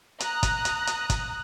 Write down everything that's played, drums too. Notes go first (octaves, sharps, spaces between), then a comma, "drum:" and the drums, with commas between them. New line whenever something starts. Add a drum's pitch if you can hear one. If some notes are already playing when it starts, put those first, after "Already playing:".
A#5 D#6 F#6, drum: hi-hat
drum: kick, hi-hat
drum: hi-hat
drum: hi-hat
drum: kick, hi-hat